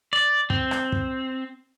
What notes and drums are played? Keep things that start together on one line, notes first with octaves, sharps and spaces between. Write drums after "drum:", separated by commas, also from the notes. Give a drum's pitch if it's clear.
D5
C4, drum: kick
drum: rim click
drum: kick